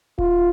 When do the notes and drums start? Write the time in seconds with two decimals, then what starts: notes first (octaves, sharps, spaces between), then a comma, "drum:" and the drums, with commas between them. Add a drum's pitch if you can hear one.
0.18 F4, drum: kick D#1